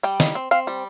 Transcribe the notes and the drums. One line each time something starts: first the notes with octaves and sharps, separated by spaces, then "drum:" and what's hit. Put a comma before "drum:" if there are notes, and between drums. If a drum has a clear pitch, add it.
G3 G5
D#4, drum: snare
C4
C4 F5
G3